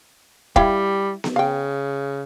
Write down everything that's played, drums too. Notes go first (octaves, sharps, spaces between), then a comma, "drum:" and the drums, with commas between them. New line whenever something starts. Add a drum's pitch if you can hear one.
G3 E4 F5 G5, drum: kick E1
drum: snare B3
C#3 F5 G5